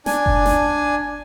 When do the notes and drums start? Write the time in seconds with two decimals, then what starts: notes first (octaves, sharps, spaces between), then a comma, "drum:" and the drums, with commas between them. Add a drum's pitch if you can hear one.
0.06 D4 G#5, drum: snare
0.26 drum: kick F#1
0.46 drum: snare